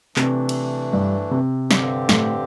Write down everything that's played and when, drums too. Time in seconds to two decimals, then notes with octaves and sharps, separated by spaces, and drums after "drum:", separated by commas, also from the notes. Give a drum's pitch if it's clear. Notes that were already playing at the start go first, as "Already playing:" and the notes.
0.16 C3 E3 A3 D4, drum: clap
0.49 drum: cymbal
0.93 G2
1.31 C3
1.71 G2 D3 C4 G4, drum: snare
2.09 A2, drum: snare